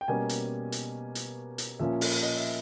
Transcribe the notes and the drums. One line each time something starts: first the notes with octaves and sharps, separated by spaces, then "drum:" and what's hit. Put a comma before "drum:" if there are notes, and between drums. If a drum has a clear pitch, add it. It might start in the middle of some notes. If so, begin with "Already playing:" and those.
G5
B2 G3 A#3 C#4 G#5
drum: hi-hat
drum: hi-hat
drum: hi-hat
drum: hi-hat
A#2 F3 A#3 C#4 E5
drum: open hi-hat
D#5
E5